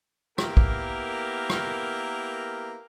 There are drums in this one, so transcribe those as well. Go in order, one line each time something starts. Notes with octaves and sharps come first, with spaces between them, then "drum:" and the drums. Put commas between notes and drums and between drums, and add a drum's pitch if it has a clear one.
A#3 B3 E4 G4 A#4, drum: rim click
drum: kick
drum: rim click